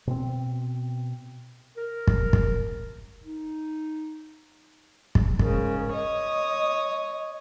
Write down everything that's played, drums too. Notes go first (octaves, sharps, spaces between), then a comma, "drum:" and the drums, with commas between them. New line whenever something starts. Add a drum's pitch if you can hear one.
B2 C4
A#4
drum: kick
drum: kick
D#4
drum: kick
G#2 C#3 A#4, drum: kick
C#5 D#5 D#6